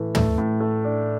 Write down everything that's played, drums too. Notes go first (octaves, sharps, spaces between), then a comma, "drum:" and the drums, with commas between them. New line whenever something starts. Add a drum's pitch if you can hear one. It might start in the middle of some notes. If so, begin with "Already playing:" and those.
Already playing: A2 E3 A3
A3, drum: tom
A2
A3
D4